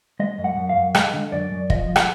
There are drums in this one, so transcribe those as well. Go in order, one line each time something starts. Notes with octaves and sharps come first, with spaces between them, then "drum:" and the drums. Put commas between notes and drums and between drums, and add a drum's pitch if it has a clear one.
G#3 D#5
F#2
F#5
F#2
F5
F#2
G#3 D#5, drum: rim click
D3
F#2 D5
F#2
F3 D#5, drum: kick
F3
F#5, drum: rim click